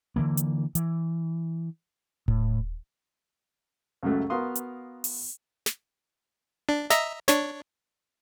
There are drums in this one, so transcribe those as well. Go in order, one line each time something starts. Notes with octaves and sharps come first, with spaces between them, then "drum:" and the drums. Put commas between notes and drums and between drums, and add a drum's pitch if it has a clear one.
D3 E3 A#3
drum: hi-hat
E3, drum: hi-hat
A2, drum: kick D#1
C#2 F#2 F#3 A3
B3 F#4 A#4 F5 C6 D#6
drum: hi-hat
drum: open hi-hat
drum: snare
D4
D#5 E5 A#5, drum: snare
D4 C#5, drum: snare